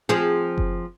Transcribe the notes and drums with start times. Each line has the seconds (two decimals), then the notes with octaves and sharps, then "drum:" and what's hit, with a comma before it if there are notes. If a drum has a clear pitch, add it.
0.09 F3 C4 G#4
0.58 drum: kick F#1